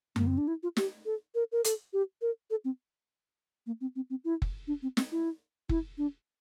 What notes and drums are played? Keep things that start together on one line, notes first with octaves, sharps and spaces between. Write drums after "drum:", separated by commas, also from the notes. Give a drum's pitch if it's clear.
A#3, drum: tom F#2
C4
D4
E4
F4
G4, drum: snare
A4
A#4
A#4
A4, drum: hi-hat
G4
A#4
A4
C4
A#3
C4
C4
C4
E4
drum: kick F#1
D4
C4
C4, drum: snare
E4
E4, drum: kick F#1
D4